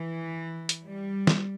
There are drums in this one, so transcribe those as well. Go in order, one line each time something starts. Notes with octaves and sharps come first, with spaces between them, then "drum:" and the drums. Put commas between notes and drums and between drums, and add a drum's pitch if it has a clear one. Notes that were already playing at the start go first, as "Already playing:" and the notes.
Already playing: E3
drum: hi-hat
G3
drum: snare